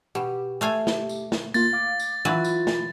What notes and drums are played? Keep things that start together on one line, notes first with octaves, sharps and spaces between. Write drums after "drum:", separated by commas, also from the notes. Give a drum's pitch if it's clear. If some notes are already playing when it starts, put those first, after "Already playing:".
B2 G4
A3 F5 G#5
drum: snare
drum: tambourine
drum: snare
A#3 F4 A6, drum: tambourine
F5 D6
drum: tambourine
E3 F#3 F4 B4 B5
drum: tambourine
drum: snare